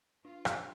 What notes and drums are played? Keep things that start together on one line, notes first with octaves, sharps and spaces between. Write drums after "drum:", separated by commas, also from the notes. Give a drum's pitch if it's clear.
D4 F4
G4, drum: rim click